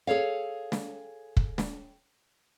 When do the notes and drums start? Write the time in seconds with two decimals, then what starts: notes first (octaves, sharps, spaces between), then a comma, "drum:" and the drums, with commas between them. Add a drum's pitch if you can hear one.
0.07 G#4 A4 C#5 F5
0.72 drum: snare
1.37 drum: kick
1.58 drum: snare